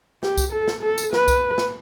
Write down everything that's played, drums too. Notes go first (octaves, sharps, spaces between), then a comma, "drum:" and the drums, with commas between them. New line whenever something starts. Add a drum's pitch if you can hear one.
G4, drum: snare
drum: kick C2, tambourine
A4
drum: snare
A4
drum: tambourine
B4, drum: snare
drum: kick C2, tambourine
drum: snare